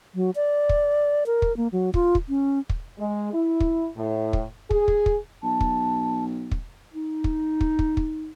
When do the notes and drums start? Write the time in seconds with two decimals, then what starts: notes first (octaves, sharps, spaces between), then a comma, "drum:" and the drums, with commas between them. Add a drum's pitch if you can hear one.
0.15 F#3
0.35 D5
0.69 drum: kick
1.26 A#4
1.42 drum: kick
1.57 A#3
1.72 F#3
1.94 F4, drum: kick
2.15 drum: kick
2.29 C#4
2.70 drum: kick
2.99 G#3
3.34 E4
3.60 drum: kick
3.98 A2
4.33 drum: kick
4.71 G#4, drum: kick
4.88 drum: kick
5.06 drum: kick
5.43 B1 A5
5.61 drum: kick
6.51 drum: kick
6.93 D#4
7.24 drum: kick
7.61 drum: kick
7.79 drum: kick
7.97 drum: kick